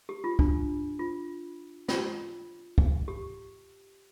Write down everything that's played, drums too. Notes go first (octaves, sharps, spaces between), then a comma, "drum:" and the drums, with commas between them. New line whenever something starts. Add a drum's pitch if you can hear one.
G4
F4
D4, drum: kick
F4
F4, drum: snare
drum: kick
G4